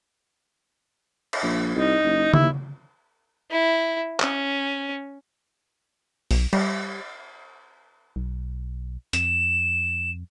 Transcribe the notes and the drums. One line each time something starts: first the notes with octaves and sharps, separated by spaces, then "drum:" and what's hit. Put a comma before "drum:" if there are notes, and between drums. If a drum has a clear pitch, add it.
drum: cymbal
A#1
C2 D#4
F#1
D#2 E4, drum: tom C#3
E4
C#4, drum: clap
B1, drum: open hi-hat
G3, drum: cymbal
B1
F2 E7, drum: hi-hat